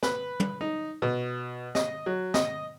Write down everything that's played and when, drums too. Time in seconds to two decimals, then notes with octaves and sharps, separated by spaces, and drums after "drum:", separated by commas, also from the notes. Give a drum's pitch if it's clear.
0.03 B4, drum: snare
0.40 drum: tom
0.61 D#4
1.02 B2
1.75 D#5, drum: snare
2.06 F#3
2.34 D#5, drum: snare